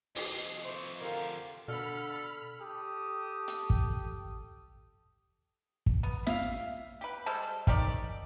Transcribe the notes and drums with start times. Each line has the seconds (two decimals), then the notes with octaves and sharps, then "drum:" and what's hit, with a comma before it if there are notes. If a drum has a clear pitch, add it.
0.16 F2 G#4 D#5, drum: open hi-hat
0.64 E3 A3 C5
1.00 D3 F4 G4 A#4
1.68 B2 D3 A4 B5 F6
2.60 G4 A4 D#6
3.48 drum: hi-hat
3.70 drum: kick
5.86 drum: kick
6.03 B3
6.27 E5 F5, drum: snare
7.01 G4 B4
7.26 G3 G#3 A4 C5
7.67 D#3 G4 D5, drum: kick